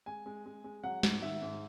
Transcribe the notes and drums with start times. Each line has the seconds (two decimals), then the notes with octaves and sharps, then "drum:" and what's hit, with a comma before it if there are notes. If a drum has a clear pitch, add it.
0.06 G#3 G#5
0.26 G#3
0.46 G#3
0.64 G#3
0.84 F#3 F#5
1.03 G#2, drum: snare
1.22 D#3 E5
1.42 G#2